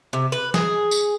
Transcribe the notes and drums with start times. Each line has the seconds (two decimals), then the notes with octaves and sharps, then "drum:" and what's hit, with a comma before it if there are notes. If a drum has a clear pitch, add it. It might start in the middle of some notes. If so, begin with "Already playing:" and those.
0.13 C3
0.32 B4
0.54 G#4, drum: snare
0.91 drum: tambourine